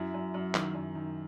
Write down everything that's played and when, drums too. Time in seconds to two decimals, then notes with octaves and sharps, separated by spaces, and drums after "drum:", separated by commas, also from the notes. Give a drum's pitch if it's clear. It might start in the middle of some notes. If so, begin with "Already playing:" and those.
Already playing: F#2 E4
0.14 F#2
0.34 F#2
0.55 D#3, drum: clap
0.74 F#2
0.95 D#3